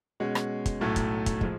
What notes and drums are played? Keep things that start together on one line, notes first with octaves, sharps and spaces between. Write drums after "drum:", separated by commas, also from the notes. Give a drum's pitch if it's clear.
B2 G#3 C#4
drum: rim click
drum: kick, hi-hat
B1 A2 F#3 A3
drum: kick, hi-hat
drum: kick, hi-hat
F3 G#3, drum: kick